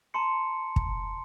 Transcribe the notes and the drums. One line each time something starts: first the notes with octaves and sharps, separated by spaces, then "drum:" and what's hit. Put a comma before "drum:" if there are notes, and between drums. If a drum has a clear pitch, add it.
A5 A#5 C6 C#7
drum: kick